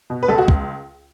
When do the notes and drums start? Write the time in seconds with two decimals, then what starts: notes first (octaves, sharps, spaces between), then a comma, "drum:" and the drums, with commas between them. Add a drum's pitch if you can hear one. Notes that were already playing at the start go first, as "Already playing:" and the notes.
0.10 B2
0.23 B4
0.28 C#2 A4
0.38 F#4
0.48 drum: kick